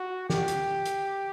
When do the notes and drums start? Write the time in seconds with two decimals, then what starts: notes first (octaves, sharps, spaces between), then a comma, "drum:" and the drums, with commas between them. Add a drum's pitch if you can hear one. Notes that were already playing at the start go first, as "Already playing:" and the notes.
Already playing: F#4
0.30 G4, drum: snare
0.48 drum: hi-hat
0.86 drum: hi-hat